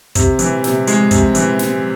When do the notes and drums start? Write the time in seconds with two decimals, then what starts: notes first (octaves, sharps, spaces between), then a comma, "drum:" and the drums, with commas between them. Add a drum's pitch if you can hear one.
0.15 C3, drum: kick, hi-hat
0.39 E3, drum: hi-hat
0.64 C3, drum: snare
0.87 G#3, drum: hi-hat
1.11 C3, drum: kick, hi-hat
1.35 E3, drum: hi-hat
1.59 drum: snare